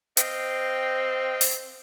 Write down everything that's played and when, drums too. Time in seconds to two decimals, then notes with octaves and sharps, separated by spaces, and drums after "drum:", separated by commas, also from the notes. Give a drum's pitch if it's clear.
0.17 C4 D#5 F5 G5, drum: hi-hat
1.41 drum: open hi-hat